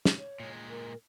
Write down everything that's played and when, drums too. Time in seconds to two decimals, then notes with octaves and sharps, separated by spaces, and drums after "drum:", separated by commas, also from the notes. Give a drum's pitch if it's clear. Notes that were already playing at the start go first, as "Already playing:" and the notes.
0.05 drum: snare
0.18 C#5
0.40 A#2 G#3
0.70 A#4